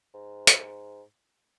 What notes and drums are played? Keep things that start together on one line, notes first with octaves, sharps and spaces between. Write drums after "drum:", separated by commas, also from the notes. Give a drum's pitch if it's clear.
G#2
drum: hi-hat